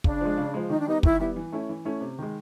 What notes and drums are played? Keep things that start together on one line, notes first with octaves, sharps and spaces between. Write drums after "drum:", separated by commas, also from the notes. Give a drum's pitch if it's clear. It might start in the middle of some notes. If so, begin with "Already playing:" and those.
C#3 D4, drum: kick
F3 G#3
C#3
F3 G#3
D#3 D#4
D4
G3 B3 D#4
D#3 E4, drum: kick
G3 B3 E4
E3
A3 C#4 E4
E3
A3 C#4 E4
C3
D#3 G#3